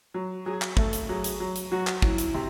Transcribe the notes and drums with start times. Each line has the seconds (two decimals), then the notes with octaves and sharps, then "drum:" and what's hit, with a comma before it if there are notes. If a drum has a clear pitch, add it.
0.14 F#3
0.45 F#3 G#4
0.62 drum: clap
0.77 A3 A4, drum: kick
0.93 drum: hi-hat
1.09 F#3 G#4
1.24 drum: hi-hat
1.40 F#3
1.56 drum: hi-hat
1.72 F#3 F#4
1.87 drum: clap
2.02 F#3 E4, drum: kick
2.18 drum: hi-hat
2.34 C3